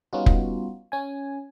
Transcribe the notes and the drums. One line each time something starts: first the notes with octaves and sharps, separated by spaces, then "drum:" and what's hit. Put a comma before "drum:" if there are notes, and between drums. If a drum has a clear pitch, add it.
G3 B3 C#4 D#4 F4 F#4
drum: kick
C#4 G#5